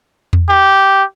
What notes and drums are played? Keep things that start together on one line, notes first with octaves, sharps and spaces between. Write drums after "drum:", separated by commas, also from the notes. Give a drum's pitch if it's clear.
drum: tom E2
G4